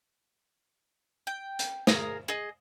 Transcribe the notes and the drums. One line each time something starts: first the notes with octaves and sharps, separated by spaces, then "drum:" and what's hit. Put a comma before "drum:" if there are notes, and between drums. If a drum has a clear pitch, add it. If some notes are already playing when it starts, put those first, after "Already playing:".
G5
drum: hi-hat
G#4 A#4 D#6, drum: snare
G#4 D#5